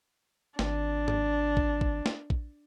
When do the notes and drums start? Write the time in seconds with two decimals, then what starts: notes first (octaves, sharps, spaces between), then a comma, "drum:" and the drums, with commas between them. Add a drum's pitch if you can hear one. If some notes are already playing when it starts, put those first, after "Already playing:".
0.59 G#1 D4, drum: snare
1.08 drum: tom G#2
1.57 drum: kick
1.81 drum: kick
2.06 drum: snare
2.30 drum: kick